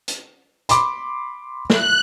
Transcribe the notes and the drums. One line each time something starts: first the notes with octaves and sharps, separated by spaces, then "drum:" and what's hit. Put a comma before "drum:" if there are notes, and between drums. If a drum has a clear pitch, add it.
drum: hi-hat
B5 C6 D6, drum: hi-hat
F#6, drum: snare